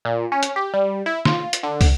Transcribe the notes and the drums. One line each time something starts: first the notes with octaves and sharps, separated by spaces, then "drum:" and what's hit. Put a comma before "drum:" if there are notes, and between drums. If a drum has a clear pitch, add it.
A#2
C#4
drum: hi-hat
G4
G3
E4
F4, drum: snare
drum: hi-hat
D3
drum: kick, open hi-hat